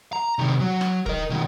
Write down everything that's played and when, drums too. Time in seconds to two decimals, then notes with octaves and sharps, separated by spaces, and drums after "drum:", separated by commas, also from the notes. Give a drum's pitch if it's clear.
0.13 A#5
0.39 C3 D#3
0.60 F#3
0.81 drum: rim click
1.06 A#4 D#5, drum: kick
1.30 B2 D#3